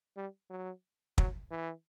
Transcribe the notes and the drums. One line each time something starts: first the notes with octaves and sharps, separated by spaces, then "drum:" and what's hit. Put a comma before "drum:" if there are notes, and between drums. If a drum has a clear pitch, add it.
G3
F#3
F#3, drum: kick
E3